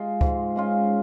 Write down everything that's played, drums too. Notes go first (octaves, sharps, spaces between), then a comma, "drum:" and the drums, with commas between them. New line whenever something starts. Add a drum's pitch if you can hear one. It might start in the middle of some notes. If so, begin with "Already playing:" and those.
Already playing: G#3 F4
G#2, drum: kick C#2
G#3 C#4 F4